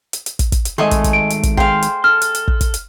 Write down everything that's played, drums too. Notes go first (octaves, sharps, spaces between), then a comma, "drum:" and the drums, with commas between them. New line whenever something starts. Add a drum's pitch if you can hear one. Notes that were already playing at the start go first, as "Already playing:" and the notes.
drum: hi-hat
drum: hi-hat
drum: kick, hi-hat
drum: kick, hi-hat
drum: hi-hat
D#3 G#3 A3 D#5 G#5 C6
drum: kick, hi-hat
drum: kick, hi-hat
D7
drum: hi-hat
drum: kick, hi-hat
G#4 C5 F5 G5, drum: kick
drum: hi-hat
A4 F6
drum: hi-hat
drum: hi-hat
drum: kick
drum: kick, hi-hat
drum: hi-hat